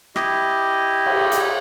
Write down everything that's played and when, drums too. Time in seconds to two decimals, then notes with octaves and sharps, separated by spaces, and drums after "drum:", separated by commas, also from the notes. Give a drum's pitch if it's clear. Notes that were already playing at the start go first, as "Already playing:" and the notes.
0.16 E4 G4 D#5, drum: rim click
1.06 drum: cymbal
1.32 drum: hi-hat